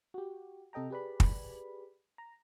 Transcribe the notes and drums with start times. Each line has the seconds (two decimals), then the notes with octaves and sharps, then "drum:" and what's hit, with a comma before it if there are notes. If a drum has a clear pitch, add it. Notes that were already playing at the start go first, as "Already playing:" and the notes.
0.14 F#4 G4
0.73 C3 A4 D#5 G5 A#5
0.90 G4 G#4 B4 D5 B5
1.20 drum: kick
2.18 A#5